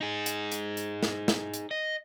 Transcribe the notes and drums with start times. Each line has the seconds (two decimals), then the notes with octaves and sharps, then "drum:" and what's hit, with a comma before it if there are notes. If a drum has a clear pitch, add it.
0.01 D#4 G#4
0.26 drum: hi-hat
0.52 drum: hi-hat
0.77 drum: hi-hat
1.03 drum: snare
1.28 drum: snare
1.54 drum: hi-hat
1.71 D#5